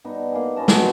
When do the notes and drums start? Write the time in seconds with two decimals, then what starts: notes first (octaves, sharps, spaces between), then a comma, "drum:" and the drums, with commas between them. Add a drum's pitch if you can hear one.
0.05 G2 B3 D#4
0.32 A#3 G#4
0.56 B3 C#4 D#5 A5
0.68 C4 F#4 B4 C5, drum: snare